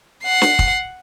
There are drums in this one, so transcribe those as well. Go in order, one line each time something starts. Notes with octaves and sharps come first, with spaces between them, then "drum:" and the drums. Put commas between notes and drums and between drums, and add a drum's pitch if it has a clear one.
F#5 C7
drum: snare
drum: kick